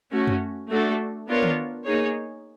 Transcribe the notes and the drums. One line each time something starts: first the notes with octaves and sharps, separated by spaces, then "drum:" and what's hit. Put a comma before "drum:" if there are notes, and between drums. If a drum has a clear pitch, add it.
A3 C#4 F#4
drum: tom F#2
A3 D4 F#4 A4
B3 D4 F4 A#4 C#5
drum: tom D#3
A#3 D#4 G#4 C#5